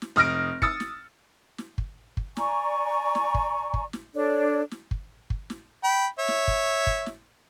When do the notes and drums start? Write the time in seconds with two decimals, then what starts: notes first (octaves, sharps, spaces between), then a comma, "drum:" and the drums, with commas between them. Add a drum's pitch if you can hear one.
0.02 drum: snare
0.16 F1 D#6 F6 A#6 D7
0.62 D#6 E6 A6 C#7, drum: kick
0.80 drum: snare
1.58 drum: snare
1.78 drum: kick
2.17 drum: kick
2.37 D5 G#5 A#5 C#6, drum: snare
3.15 drum: snare
3.34 drum: kick
3.74 drum: kick
3.93 drum: snare
4.14 D4 A4 C#5 D5
4.71 drum: snare
4.91 drum: kick
5.30 drum: kick
5.50 drum: snare
5.84 G5 B5
6.19 C#5 E5
6.28 drum: snare
6.48 drum: kick
6.87 drum: kick
7.06 drum: snare